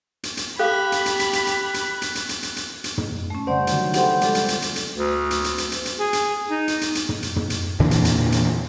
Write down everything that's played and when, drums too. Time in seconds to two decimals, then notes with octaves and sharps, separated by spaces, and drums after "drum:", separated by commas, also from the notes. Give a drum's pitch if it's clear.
0.23 drum: hi-hat
0.37 drum: hi-hat
0.59 G4 A4 F5 B5 F#6
0.92 drum: hi-hat
1.06 drum: hi-hat
1.19 drum: hi-hat
1.33 drum: hi-hat
1.47 drum: hi-hat
1.74 drum: hi-hat
2.02 drum: hi-hat
2.15 drum: hi-hat
2.29 drum: hi-hat
2.43 drum: hi-hat
2.56 drum: hi-hat
2.84 drum: hi-hat
2.98 drum: tom
3.30 A3 C#4
3.47 C#3 G3 C5 D5 F#5
3.67 D3 D#3 F#3, drum: hi-hat
3.94 E4 G4 A4 C5 F#5, drum: hi-hat
4.21 F3 G3 G#3 A4 D5, drum: hi-hat
4.35 drum: hi-hat
4.48 drum: hi-hat
4.62 drum: hi-hat
4.76 drum: hi-hat
4.95 D2
5.31 drum: hi-hat
5.44 drum: hi-hat
5.58 drum: hi-hat
5.72 drum: hi-hat
5.85 drum: hi-hat
6.00 G#4
6.13 drum: hi-hat
6.50 D#4
6.68 drum: hi-hat
6.81 drum: hi-hat
6.95 drum: hi-hat
7.09 drum: tom
7.23 drum: hi-hat
7.36 drum: tom
7.50 drum: hi-hat
7.80 E2 A#2 D3 E3
7.91 drum: hi-hat
8.05 drum: hi-hat
8.32 drum: hi-hat